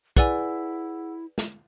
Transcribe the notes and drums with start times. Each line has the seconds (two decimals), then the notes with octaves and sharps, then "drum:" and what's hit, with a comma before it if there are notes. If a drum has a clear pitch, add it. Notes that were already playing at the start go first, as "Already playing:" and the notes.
0.17 E4 G#4 B4 D5 F#5 G#5 E6, drum: kick, hi-hat
1.38 drum: snare